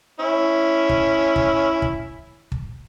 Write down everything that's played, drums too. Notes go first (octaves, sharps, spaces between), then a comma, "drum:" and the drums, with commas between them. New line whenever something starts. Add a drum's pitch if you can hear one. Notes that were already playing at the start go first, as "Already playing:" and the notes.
C#4 E4
drum: kick
drum: kick
drum: kick
drum: kick